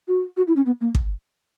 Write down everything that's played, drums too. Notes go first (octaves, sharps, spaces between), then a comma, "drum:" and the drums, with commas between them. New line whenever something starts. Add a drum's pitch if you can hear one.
F#4
F#4
E4
C#4
B3
A#3
drum: kick